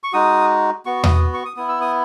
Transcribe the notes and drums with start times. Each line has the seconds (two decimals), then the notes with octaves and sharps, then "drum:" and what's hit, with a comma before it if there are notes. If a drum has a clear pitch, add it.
0.03 C#6
0.13 G#3 D#4 F#4 D#6
0.86 B3 F#4 C#6
1.04 D#6, drum: tom E2
1.34 C#6
1.45 D#6
1.57 B3 E4 D#6
1.69 E6
1.81 D#6